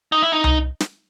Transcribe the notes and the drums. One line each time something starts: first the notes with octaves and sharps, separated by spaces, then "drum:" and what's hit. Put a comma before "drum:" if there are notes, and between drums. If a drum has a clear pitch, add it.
D#4
E4
D#4
drum: tom C2
drum: snare